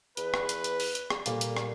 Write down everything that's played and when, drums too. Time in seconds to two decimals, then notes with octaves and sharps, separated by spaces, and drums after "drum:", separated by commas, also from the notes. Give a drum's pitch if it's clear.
0.17 E2 B4, drum: hi-hat
0.34 drum: rim click
0.49 drum: hi-hat
0.64 drum: hi-hat
0.80 drum: open hi-hat
0.95 drum: hi-hat
1.10 drum: rim click
1.26 A#2 G3 A#3 A4, drum: hi-hat
1.41 drum: hi-hat
1.57 drum: rim click